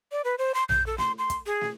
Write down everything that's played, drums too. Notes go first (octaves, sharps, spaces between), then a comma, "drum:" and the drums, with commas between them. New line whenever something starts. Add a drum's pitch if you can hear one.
D5
B4
C5
C6
G6, drum: tom A#1
A4
C6, drum: snare
C6
drum: kick, hi-hat
G#4
drum: snare